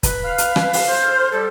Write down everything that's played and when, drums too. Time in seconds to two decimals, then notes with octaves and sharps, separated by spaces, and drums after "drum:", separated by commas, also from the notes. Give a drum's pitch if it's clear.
0.03 B4, drum: kick, hi-hat
0.25 F5
0.38 drum: hi-hat
0.56 drum: rim click
0.73 drum: open hi-hat
0.87 C5
1.03 G#2 A4 F6
1.32 G3 A4